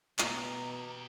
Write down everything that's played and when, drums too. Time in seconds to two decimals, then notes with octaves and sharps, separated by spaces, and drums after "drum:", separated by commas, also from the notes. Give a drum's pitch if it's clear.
0.19 B2 G4 D#5 A#5, drum: clap